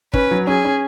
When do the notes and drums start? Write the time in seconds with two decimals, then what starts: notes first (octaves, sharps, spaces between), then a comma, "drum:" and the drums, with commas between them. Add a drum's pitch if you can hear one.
0.14 C#4 B4, drum: kick
0.31 F#3
0.47 C#4 G#4
0.65 C#4